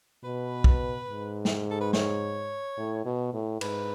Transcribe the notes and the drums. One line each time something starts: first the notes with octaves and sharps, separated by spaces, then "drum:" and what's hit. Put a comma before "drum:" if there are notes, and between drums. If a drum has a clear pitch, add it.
B2 B4
drum: kick
G#2
drum: snare
A4
B4
C#5, drum: snare
A2
B2
A2
G#2 B4, drum: cymbal